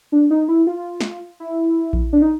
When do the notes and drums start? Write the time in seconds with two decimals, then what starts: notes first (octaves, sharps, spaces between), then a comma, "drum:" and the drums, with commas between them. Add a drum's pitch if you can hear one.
0.12 D4
0.31 D#4
0.49 E4
0.67 F4
1.01 drum: snare
1.40 E4
1.93 drum: kick A#1
2.13 D4
2.22 D#4